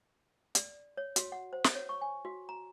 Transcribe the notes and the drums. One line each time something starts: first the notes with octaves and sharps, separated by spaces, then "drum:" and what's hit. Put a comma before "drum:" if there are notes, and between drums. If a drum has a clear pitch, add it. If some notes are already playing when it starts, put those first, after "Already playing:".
D5, drum: hi-hat
C#5
F#4, drum: hi-hat
F#5
C5
drum: snare
C#5
C#6
G#5
F#4
A#5